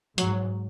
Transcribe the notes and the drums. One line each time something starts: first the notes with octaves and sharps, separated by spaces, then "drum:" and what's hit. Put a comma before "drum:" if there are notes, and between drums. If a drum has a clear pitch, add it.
G#2 F#3, drum: hi-hat